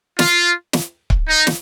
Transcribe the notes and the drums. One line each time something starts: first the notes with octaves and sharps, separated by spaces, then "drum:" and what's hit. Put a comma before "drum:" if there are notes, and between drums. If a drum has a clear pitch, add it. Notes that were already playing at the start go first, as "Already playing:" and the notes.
F4, drum: snare
drum: snare
drum: kick C#1
D#4
drum: snare